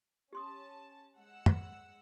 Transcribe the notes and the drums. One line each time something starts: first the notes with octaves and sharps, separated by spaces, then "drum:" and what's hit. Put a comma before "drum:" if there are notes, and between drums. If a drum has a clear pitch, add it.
C#4 G4 A5 C6 D#6
G#3 F#5 E6
drum: tom